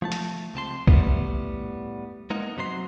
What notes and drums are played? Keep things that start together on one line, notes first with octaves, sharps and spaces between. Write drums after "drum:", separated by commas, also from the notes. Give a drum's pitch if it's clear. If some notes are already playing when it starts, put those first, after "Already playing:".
F3 A3 A5
drum: hi-hat
C#2 C3 A5 C6
A2 G3 A3 B3, drum: kick
G#3 A#3 B3 D#4
F#2 C3 F#3 C5 C6